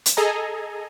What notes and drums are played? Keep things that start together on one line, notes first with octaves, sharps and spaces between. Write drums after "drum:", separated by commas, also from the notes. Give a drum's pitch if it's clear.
drum: hi-hat
G#4 A4 D#5 G#5 A#5